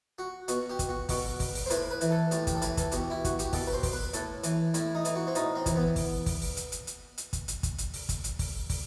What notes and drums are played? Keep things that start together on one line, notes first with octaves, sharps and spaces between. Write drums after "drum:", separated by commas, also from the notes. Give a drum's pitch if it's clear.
F#4
B2 F#4, drum: hi-hat
G4
drum: kick, hi-hat
F#4
B2 F#4, drum: kick, open hi-hat
drum: kick, open hi-hat
drum: open hi-hat
C5
A2 B4, drum: hi-hat
B4
E3, drum: hi-hat
A4
A2 G4, drum: hi-hat
G4, drum: kick, hi-hat
A4
E3 B4, drum: hi-hat
A4, drum: kick, hi-hat
B2 G4, drum: hi-hat
E4
F#4, drum: kick, hi-hat
G4, drum: hi-hat
B2 A4, drum: kick, open hi-hat
B4
C5
drum: kick, open hi-hat
B4
A2 A4, drum: hi-hat
E3, drum: hi-hat
A2 E4, drum: hi-hat
D#4
E3, drum: hi-hat
F#4
C4
A2 D#4, drum: hi-hat
C4
E3, drum: kick, hi-hat
B3
drum: kick, open hi-hat
drum: kick, open hi-hat
drum: open hi-hat
drum: hi-hat
drum: hi-hat
drum: hi-hat
drum: hi-hat
drum: kick, hi-hat
drum: hi-hat
drum: kick, hi-hat
drum: hi-hat
drum: open hi-hat
drum: kick, hi-hat
drum: hi-hat
drum: kick, open hi-hat
drum: kick, open hi-hat